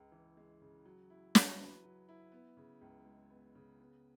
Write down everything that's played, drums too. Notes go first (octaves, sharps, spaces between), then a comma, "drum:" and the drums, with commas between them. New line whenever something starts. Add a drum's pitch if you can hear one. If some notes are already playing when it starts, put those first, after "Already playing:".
Already playing: C#2 C#3 G#3
E3
G#3
C#3
F#3
E4
F#3, drum: snare
B4
F#3
E4
B3
C#3
C#2
G#3
B3
C#3
B3